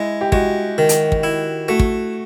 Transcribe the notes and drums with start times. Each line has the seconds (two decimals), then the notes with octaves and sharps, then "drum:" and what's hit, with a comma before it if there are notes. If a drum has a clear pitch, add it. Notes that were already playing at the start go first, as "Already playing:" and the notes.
Already playing: G#3 E4
0.21 G4
0.32 G#3 F#4, drum: kick
0.78 D#3
0.89 drum: hi-hat
1.12 drum: kick
1.23 E4
1.68 A3 F#4
1.79 drum: kick